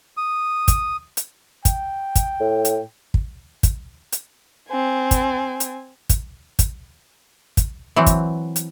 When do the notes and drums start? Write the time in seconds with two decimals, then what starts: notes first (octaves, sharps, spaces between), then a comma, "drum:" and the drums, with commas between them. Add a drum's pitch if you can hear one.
0.17 D#6
0.68 drum: kick, hi-hat
1.17 drum: hi-hat
1.65 G5, drum: kick, hi-hat
2.16 drum: kick, hi-hat
2.40 A2
2.65 drum: hi-hat
3.14 drum: kick
3.63 drum: kick, hi-hat
4.13 drum: hi-hat
4.69 C4 G#5
5.11 drum: kick, hi-hat
5.60 drum: hi-hat
6.10 drum: kick, hi-hat
6.59 drum: kick, hi-hat
7.57 drum: kick, hi-hat
7.96 E3 F#3 C4
8.07 drum: kick, hi-hat
8.56 drum: hi-hat